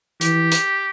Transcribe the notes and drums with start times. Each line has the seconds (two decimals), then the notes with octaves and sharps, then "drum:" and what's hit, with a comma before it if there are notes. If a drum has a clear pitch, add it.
0.21 E3 G4, drum: hi-hat
0.52 drum: hi-hat